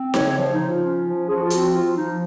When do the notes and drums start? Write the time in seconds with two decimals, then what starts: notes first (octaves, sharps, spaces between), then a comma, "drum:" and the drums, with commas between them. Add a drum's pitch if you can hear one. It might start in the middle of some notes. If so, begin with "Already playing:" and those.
Already playing: C4
0.14 C#3 C#5, drum: snare D#4
0.28 C#5
0.37 F3 C5
0.52 D#4
0.60 F3
0.67 F4
0.83 C#4
1.05 F3
1.27 F3 G#4
1.35 F#4
1.42 F4
1.50 C4 F#4, drum: hi-hat
1.72 F3 F4
1.96 F3 D#4